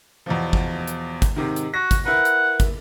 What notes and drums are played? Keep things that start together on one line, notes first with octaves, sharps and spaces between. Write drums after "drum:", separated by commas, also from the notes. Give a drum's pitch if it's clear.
E2 B2 F3
drum: kick
drum: hi-hat
drum: kick, hi-hat
G#2 C3 D#3
drum: hi-hat
F#4 A#6
drum: kick, hi-hat
E4 A#4 B4 F#5
drum: hi-hat
drum: kick, hi-hat